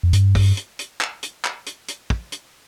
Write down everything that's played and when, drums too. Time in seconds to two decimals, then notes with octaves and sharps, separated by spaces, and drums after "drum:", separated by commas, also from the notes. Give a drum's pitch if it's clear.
0.03 F2
0.13 G2, drum: hi-hat
0.35 drum: kick, open hi-hat
0.57 drum: hi-hat
0.79 drum: hi-hat
1.01 drum: clap
1.23 drum: hi-hat
1.45 drum: clap
1.66 drum: hi-hat
1.88 drum: hi-hat
2.10 drum: kick
2.32 drum: hi-hat